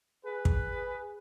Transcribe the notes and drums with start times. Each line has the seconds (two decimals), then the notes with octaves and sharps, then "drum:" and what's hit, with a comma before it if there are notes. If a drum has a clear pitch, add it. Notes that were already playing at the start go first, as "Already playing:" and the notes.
0.24 G#4 B4
0.45 drum: kick